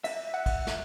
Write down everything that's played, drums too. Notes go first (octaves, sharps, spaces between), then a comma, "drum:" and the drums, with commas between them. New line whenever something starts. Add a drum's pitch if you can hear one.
E5, drum: cymbal
F#5
drum: kick, cymbal
drum: snare